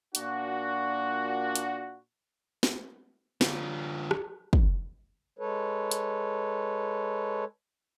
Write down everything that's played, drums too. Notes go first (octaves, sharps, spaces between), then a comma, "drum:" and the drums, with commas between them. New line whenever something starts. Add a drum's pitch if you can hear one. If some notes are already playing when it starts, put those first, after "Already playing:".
A#2 D4 F#4, drum: hi-hat
drum: hi-hat
drum: snare
D3 F4, drum: snare
drum: rim click
drum: kick
G#3 A4 B4 C#5
drum: hi-hat